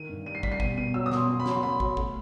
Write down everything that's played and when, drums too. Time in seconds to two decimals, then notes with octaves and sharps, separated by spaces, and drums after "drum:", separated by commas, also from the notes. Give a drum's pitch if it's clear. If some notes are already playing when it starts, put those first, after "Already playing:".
Already playing: D#3 D#7
0.09 G2
0.26 G3 D#7
0.35 C7
0.43 G3 B6, drum: kick
0.52 C7
0.60 B2 D#7, drum: kick
0.77 B2 D#7
0.94 F#3 E6
1.06 D#6
1.12 B2, drum: snare
1.17 C6
1.29 F#3
1.40 B5
1.46 F#3, drum: snare
1.51 C6
1.63 F#3 B5
1.80 F#3, drum: kick
1.97 A3, drum: kick